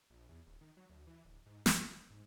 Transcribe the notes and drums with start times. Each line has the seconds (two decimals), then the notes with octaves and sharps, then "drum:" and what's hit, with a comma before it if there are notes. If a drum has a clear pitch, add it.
0.10 A#1
0.29 E2
0.46 D1
0.61 D#3
0.77 F#3
0.90 D2
1.07 E3
1.25 D1
1.46 G#2
1.66 F#2, drum: snare
1.84 F#1
2.10 G#2